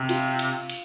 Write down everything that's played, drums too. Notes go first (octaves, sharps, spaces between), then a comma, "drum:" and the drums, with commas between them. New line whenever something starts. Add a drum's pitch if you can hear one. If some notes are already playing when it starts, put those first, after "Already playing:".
Already playing: C3
F4, drum: cymbal
drum: cymbal
drum: cymbal